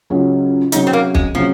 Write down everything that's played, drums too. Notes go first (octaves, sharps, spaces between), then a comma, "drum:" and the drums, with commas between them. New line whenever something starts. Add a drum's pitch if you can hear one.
C#2 C#3 F#3 C#4 G#4
C3 F#3 C#4 D#4 G#4, drum: hi-hat
C4
A#3
G#3, drum: kick
C3 F3 F#3 C#4 G#4